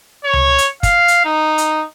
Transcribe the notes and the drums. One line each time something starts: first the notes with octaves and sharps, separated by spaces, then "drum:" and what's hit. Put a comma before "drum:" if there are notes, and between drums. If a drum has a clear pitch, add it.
C#5
drum: tom C#2
drum: hi-hat
F5, drum: kick, hi-hat
drum: hi-hat
D#4
drum: hi-hat